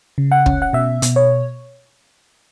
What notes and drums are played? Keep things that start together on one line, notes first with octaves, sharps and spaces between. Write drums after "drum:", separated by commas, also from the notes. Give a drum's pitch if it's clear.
C#3
F#5
C#4, drum: kick
F#5
B2 E5
B2, drum: hi-hat
C#5